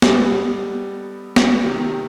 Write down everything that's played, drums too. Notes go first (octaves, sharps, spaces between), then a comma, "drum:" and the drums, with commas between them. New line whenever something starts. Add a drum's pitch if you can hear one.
G3 B3 D#4 G4 A4, drum: snare
drum: snare
C3 D#3 A3 G4